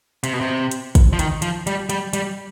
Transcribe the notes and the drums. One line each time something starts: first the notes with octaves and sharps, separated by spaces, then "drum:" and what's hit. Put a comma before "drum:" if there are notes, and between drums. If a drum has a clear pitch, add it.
C3, drum: hi-hat
B2
C3
drum: hi-hat
drum: kick, hi-hat
F3
D#3, drum: hi-hat
F3, drum: hi-hat
G3, drum: hi-hat
G3, drum: hi-hat
G3, drum: hi-hat